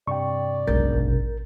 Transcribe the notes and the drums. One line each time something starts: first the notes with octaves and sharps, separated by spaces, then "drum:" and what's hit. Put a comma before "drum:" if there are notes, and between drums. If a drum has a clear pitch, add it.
G2 C3 D5 G5 C#6
E1 B1 A#4 G6 A6
drum: kick A1